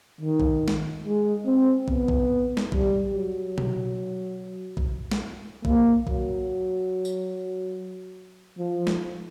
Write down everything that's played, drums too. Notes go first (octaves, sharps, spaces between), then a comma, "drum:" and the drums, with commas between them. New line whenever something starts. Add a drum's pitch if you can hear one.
D#3
drum: kick
drum: snare
G#3
C4
B3, drum: kick
drum: kick
drum: snare
G3, drum: kick
F#3
drum: tom B2
drum: kick
drum: snare
A#3, drum: kick
F#3, drum: kick
drum: tambourine
F3
drum: snare